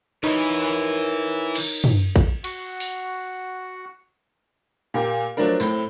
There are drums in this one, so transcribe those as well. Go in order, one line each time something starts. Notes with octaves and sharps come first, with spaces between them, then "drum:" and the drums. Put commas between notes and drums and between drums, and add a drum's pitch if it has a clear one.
D#4 E4 A#4 B4 C#5
drum: cymbal
drum: tom
drum: kick
F#4 F#5, drum: cymbal
drum: open hi-hat
A#2 G4 A#4
F3 F#3 A3 D4 A#4
A2 C4, drum: tambourine